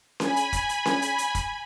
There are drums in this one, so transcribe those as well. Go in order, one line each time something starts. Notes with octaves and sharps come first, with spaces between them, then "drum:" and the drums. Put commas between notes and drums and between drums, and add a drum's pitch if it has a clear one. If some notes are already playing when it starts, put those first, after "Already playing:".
G#5 B5, drum: snare C#4
drum: hi-hat
drum: kick, hi-hat
drum: hi-hat
drum: snare C#4
drum: hi-hat
drum: hi-hat
drum: kick, hi-hat